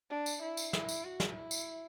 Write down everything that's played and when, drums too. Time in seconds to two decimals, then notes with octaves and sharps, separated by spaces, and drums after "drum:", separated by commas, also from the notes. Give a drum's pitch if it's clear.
0.10 D4
0.26 drum: tambourine
0.42 E4
0.57 drum: tambourine
0.73 E4, drum: snare
0.89 drum: tambourine
1.04 F#4
1.20 drum: snare
1.36 E4
1.51 drum: tambourine